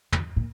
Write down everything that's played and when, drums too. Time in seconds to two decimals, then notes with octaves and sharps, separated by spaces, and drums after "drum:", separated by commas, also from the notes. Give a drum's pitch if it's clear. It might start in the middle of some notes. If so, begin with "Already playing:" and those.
0.12 D#3, drum: tom
0.36 A#2